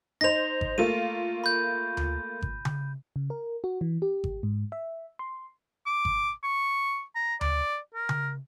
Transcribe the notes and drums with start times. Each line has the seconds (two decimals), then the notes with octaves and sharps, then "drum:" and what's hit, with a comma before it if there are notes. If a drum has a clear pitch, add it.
0.21 D#4 C5 A#6 F7
0.61 drum: kick G#1
0.78 A3 A#3 F4 D#7
1.44 B5 G6
1.97 drum: tom D2
2.42 drum: kick G#1
2.65 drum: tom C#3
3.16 C#3
3.30 A#4
3.64 F#4
3.81 E3
4.02 G4
4.24 drum: kick G#1
4.43 G#2
4.72 E5
5.19 C6
5.87 D6
6.05 drum: kick G#1
6.44 C#6
7.15 A#5
7.41 D5, drum: tom D2
7.94 A#4
8.09 drum: tom C#3